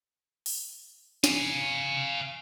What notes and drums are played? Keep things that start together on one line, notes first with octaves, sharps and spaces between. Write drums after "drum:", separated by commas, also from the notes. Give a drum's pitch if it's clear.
drum: open hi-hat
F5 G#5, drum: snare